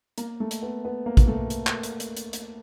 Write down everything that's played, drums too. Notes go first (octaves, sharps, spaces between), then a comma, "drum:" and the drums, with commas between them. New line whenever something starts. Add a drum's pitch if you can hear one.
A#3, drum: hi-hat
A3
drum: hi-hat
B3
B3
A#3
drum: kick, hi-hat
A3
drum: hi-hat
drum: clap
drum: hi-hat
drum: hi-hat
drum: hi-hat
drum: hi-hat